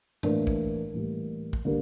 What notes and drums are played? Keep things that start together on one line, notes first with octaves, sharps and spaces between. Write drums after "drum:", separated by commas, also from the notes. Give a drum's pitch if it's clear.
A2 E3 A#3 D4, drum: tom G2
drum: kick
A2 E3 G3 A#3
drum: kick
D3 G3 A#3